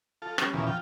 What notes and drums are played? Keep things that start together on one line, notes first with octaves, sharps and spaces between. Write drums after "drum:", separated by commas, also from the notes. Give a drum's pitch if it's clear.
F4 A4
G3 C#4, drum: rim click
E2 A#2 E3 F3 B3 C#4
F3 F4 G5